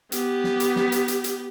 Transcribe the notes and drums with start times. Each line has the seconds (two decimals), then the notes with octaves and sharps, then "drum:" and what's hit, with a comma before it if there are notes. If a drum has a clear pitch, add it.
0.12 B3 G4, drum: hi-hat
0.44 drum: snare
0.60 drum: hi-hat
0.76 drum: snare
0.92 drum: hi-hat
1.08 drum: hi-hat
1.24 drum: hi-hat